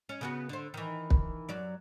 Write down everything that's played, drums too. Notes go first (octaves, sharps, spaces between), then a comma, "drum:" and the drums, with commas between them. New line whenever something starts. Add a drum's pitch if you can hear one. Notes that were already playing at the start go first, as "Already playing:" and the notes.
C#4
C#3 B3 F#4
D3 C5
D#3 E3
drum: kick
F#2 F#3 D5